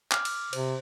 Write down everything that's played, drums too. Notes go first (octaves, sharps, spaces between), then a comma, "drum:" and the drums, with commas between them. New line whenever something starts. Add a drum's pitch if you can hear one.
D6 F6, drum: clap
drum: cymbal
C3 C5, drum: cymbal